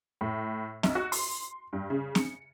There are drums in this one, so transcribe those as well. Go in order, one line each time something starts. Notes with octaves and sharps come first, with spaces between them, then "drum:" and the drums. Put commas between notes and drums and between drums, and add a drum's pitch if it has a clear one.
A2
B1, drum: snare C4
F#4
C6, drum: open hi-hat
G2
C#3
C#7, drum: snare C4